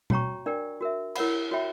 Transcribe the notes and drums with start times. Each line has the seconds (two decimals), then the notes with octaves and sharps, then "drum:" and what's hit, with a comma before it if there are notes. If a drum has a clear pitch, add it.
0.10 F#4 C#5 G5 A#5 C#6, drum: tom B2
0.46 D4 A#4 D5 G5
0.81 F#4 A#4 E5
1.15 E4 A#4 C#5 F#5 B5, drum: cymbal
1.51 F#4 C#5 E5 G5 B5